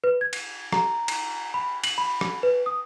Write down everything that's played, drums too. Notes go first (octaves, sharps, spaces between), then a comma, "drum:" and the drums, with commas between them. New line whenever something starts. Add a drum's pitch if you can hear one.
B4
G#6
drum: cymbal
A#5, drum: rim click
drum: cymbal
B5
F#7, drum: cymbal
B5
drum: rim click
B4
D#6